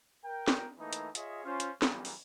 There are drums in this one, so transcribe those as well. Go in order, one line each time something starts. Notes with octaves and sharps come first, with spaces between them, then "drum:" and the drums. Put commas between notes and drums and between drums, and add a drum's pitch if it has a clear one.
A#4 G5
drum: snare
E3 A3 A#3 D#4
drum: hi-hat
F4 G#4 C#5 D#5 E5, drum: hi-hat
C#4 F4 C5
drum: hi-hat
C#3 E3 F#3 G3 A#3 B3, drum: snare
drum: open hi-hat